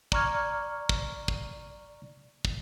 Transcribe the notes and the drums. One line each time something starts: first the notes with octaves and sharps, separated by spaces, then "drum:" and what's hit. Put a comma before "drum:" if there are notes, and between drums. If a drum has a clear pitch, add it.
D5 A#5 C#6 F6 G#6, drum: kick
drum: kick
drum: kick
drum: kick